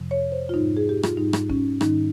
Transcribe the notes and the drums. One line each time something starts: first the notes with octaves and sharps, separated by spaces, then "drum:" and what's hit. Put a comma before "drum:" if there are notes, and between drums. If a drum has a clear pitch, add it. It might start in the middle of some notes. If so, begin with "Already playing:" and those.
Already playing: F2 C3 F3
C#5
C5
F4
G#2 G3 D#4
G#4
G4
F4, drum: rim click
G#2 G3 D#4
drum: rim click
C#4, drum: kick
G#2 D#3 G3 D#4, drum: rim click